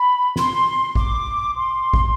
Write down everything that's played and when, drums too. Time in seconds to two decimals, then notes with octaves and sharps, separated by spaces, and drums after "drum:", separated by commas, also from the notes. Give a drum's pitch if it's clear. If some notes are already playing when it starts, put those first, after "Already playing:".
Already playing: B5
0.36 C6, drum: snare
0.95 D6, drum: kick
1.57 C6
1.94 drum: kick